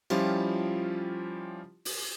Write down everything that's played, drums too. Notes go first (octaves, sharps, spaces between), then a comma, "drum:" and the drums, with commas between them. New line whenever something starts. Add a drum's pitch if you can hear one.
F3 G3 C#4 E4 F4 G4, drum: cymbal
drum: open hi-hat